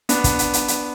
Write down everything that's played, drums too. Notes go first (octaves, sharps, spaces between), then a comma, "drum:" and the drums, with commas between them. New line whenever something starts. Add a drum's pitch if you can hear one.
B3 D4, drum: hi-hat
drum: kick, hi-hat
drum: hi-hat
drum: hi-hat
drum: hi-hat